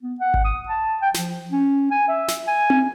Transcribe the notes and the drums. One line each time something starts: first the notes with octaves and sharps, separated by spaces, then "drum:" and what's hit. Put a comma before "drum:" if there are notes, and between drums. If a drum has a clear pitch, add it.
B3
F#5
drum: kick G#1
D#6
A5
G5
F3, drum: snare
C#4
G#5
E5
drum: snare
G#5
drum: tom C4